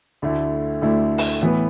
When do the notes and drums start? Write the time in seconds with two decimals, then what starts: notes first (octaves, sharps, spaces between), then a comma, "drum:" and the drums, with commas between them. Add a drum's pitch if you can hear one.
0.22 D2 D3 A3 E4
0.82 D2 D3 A3 E4
1.18 drum: open hi-hat
1.41 A2 E3 B3